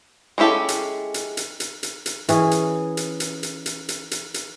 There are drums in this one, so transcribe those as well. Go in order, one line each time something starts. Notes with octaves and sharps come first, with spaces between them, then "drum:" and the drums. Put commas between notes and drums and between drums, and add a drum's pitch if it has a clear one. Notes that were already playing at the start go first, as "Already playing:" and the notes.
G#3 C#4 E4 G4 A4
drum: hi-hat
drum: hi-hat
drum: hi-hat
drum: hi-hat
drum: hi-hat
drum: hi-hat
E3 C#4 G#4, drum: hi-hat
drum: hi-hat
drum: hi-hat
drum: hi-hat
drum: hi-hat
drum: hi-hat
drum: hi-hat
drum: hi-hat
drum: hi-hat